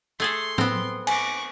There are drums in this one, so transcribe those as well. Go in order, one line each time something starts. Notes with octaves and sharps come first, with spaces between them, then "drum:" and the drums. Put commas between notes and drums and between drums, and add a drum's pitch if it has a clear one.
A3 G#4 A4 C6
B3 C4, drum: tom
G#5 C#6 D6, drum: cymbal